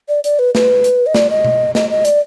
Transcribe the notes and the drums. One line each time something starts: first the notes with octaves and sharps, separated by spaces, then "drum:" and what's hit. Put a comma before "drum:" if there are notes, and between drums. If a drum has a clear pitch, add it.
D5
D5, drum: hi-hat
B4
B4, drum: snare
drum: hi-hat
D#5
D5, drum: snare
D#5
drum: tom B2
D#5, drum: snare
D#5
D5, drum: hi-hat